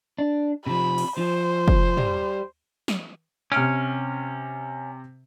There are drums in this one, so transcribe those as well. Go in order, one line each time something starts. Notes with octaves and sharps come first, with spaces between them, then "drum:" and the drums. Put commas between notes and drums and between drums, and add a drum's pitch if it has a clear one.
D4
C3 F3 B5
drum: cymbal
F3 C5
drum: kick
G3, drum: tom
drum: snare
C3 C#4 F6 D7